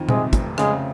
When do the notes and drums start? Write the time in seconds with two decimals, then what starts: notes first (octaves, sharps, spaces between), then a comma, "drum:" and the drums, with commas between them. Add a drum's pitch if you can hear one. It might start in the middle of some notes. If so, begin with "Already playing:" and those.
Already playing: F2 D#3
0.09 C3 G#3, drum: tom A#2
0.33 F1, drum: kick, hi-hat
0.58 C#3 G#3, drum: rim click